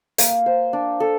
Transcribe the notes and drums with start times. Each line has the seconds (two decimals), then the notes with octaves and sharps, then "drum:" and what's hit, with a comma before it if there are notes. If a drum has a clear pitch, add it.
0.18 A#3, drum: hi-hat
0.46 C5
0.73 D4
1.00 A4